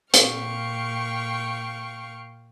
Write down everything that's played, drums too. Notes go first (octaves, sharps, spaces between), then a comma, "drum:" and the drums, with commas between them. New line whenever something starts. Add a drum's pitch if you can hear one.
A#2 F5 G5 C#6 F6, drum: hi-hat